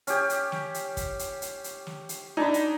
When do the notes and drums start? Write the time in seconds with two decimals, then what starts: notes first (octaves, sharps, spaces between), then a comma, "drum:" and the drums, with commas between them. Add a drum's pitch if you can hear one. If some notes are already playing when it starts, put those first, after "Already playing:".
0.07 C#4 G4, drum: hi-hat
0.30 drum: hi-hat
0.52 drum: snare
0.74 drum: hi-hat
0.97 drum: kick, hi-hat
1.19 drum: hi-hat
1.42 drum: hi-hat
1.64 drum: hi-hat
1.87 drum: snare
2.09 drum: hi-hat
2.37 D4 D#4 G#5 B5
2.54 drum: hi-hat